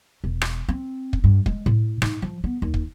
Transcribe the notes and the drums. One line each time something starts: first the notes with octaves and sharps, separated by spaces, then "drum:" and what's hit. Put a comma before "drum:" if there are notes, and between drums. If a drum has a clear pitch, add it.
E1
drum: rim click
C4
drum: kick
G2
G#3, drum: kick
A2
G#2, drum: rim click
F3
B3
D#2
drum: kick